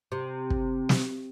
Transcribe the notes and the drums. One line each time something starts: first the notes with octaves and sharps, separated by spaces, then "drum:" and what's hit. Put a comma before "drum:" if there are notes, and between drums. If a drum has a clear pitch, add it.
C3
drum: kick
drum: snare